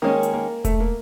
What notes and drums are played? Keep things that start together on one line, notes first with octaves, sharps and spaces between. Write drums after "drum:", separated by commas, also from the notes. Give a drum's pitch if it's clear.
D#3 G#3 A#3 C#4
drum: hi-hat
A#3
A3, drum: kick E1, hi-hat
A#3